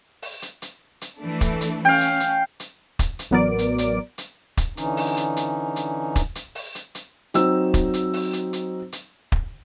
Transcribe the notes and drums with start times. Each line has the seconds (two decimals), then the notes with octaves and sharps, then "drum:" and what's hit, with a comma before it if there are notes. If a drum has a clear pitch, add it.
0.22 drum: open hi-hat
0.42 drum: hi-hat
0.62 drum: hi-hat
1.01 drum: hi-hat
1.20 E3 A3 D4
1.41 drum: kick, hi-hat
1.61 drum: hi-hat
1.85 C#4 F5 G5
2.00 drum: hi-hat
2.20 drum: hi-hat
2.60 drum: hi-hat
2.99 drum: kick, hi-hat
3.19 drum: hi-hat
3.31 A1 F#3 B3 A#4 D5 D7
3.59 drum: hi-hat
3.78 drum: hi-hat
4.18 drum: hi-hat
4.57 drum: kick, hi-hat
4.77 D3 E3 C#4 D#4, drum: hi-hat
4.97 drum: open hi-hat
5.17 drum: hi-hat
5.37 drum: hi-hat
5.76 drum: hi-hat
6.16 drum: kick, hi-hat
6.35 drum: hi-hat
6.55 drum: open hi-hat
6.75 drum: hi-hat
6.95 drum: hi-hat
7.34 F#3 C4 D#4 E6, drum: hi-hat
7.74 drum: kick, hi-hat
7.94 drum: hi-hat
8.13 drum: open hi-hat
8.33 drum: hi-hat
8.53 drum: hi-hat
8.92 drum: hi-hat
9.32 drum: kick